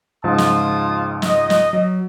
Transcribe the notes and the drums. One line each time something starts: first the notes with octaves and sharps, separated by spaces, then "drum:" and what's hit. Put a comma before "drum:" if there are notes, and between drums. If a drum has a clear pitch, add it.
C#2 G#2 F3 F4 A5 D#6
drum: snare
D#5, drum: snare
drum: snare
F#3